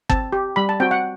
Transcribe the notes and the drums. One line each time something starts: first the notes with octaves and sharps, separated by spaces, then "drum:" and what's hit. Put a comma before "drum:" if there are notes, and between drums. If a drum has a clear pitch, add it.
C4 A5, drum: kick G1
G4
G3 B5
A5
C4 F#4 G5
F#5